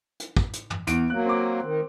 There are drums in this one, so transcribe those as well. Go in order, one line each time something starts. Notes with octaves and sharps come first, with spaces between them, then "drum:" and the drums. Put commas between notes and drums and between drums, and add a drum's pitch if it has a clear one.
drum: hi-hat
drum: kick
drum: hi-hat
drum: tom
E2 D7, drum: hi-hat
F#3 A#3 F#6
C4 D6
D#3